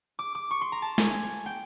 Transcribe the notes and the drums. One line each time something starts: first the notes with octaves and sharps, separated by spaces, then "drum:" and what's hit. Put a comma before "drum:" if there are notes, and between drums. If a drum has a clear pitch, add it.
D6
D6
C#6
C6
A#5
A5
G#5, drum: snare
G5